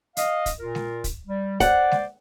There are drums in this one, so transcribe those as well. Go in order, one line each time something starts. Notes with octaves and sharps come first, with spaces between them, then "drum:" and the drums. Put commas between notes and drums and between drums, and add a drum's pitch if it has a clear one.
D#5 F5, drum: hi-hat
drum: kick, hi-hat
A#2 F4 A#4
drum: snare G#3
drum: kick, hi-hat
G3
C5 D5 F#5, drum: kick, hi-hat
drum: snare G#3